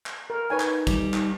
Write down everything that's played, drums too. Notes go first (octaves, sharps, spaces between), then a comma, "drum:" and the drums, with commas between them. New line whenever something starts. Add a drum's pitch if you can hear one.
drum: clap
A#4
D#4 B4 C#5 G#5
drum: clap
G3, drum: kick, hi-hat
drum: clap